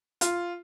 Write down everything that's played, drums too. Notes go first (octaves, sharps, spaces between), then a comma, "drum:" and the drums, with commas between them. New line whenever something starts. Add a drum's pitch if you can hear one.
F4, drum: hi-hat